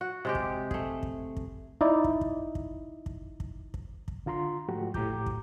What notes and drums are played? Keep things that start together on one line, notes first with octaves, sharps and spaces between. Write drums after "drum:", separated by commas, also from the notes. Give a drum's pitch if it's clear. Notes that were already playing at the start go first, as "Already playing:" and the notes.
F#4
C3 G#3 G4
drum: kick
A3 G#4, drum: kick
drum: kick
drum: kick
D#4 E4 D5
drum: kick
drum: kick
drum: kick
drum: kick
drum: kick
drum: kick
drum: kick
D3 F4 A#5 C6
G#2 F3 A3 F#4 G4
A2 G4 A#5 D6 G6, drum: kick
drum: kick